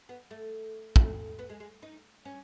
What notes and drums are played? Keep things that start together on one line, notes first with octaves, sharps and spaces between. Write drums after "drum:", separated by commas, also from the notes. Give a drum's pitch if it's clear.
B3
A3
A3, drum: kick
B3
G#3
G#3
D#4
C#4